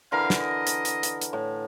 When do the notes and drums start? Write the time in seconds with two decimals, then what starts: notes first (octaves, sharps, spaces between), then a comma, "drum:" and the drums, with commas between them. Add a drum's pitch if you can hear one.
0.12 D3 E3 A#4 F5
0.30 drum: snare
0.41 D#5
0.67 drum: hi-hat
0.85 drum: hi-hat
1.03 drum: hi-hat
1.22 drum: hi-hat
1.33 A2